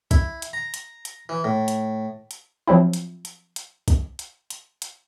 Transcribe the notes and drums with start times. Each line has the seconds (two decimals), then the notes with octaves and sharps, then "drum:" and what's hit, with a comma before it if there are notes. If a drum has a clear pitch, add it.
0.11 E4, drum: kick, hi-hat
0.42 drum: hi-hat
0.53 A#5
0.74 drum: hi-hat
1.05 drum: hi-hat
1.29 E3
1.44 A2
1.68 drum: hi-hat
2.31 drum: hi-hat
2.67 F3 F#3 C4 E4
2.93 drum: hi-hat
3.25 drum: hi-hat
3.56 drum: hi-hat
3.88 drum: kick, hi-hat
4.19 drum: hi-hat
4.50 drum: hi-hat
4.82 drum: hi-hat